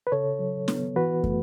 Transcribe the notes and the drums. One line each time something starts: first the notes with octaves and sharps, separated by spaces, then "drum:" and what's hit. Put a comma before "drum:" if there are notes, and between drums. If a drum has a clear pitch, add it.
B4
C#3 A4 C#5
F#3
B3, drum: snare
E3 F#4 B4
A3, drum: kick